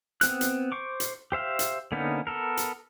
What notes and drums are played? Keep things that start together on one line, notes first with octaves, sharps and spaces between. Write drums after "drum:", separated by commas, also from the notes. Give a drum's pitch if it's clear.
B3 C4 F#6, drum: hi-hat
drum: hi-hat
C5 C#6 D6
drum: hi-hat
G4 C5 E5 F5
drum: hi-hat
D3 A#3 B3 C#4 D#4
B3 A4 A#4
drum: hi-hat